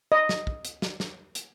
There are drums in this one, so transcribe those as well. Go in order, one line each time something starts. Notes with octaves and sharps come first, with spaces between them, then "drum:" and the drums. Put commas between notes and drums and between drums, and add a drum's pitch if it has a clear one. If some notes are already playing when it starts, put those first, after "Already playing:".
D#5
drum: snare
drum: kick
drum: hi-hat
drum: snare
drum: snare
drum: hi-hat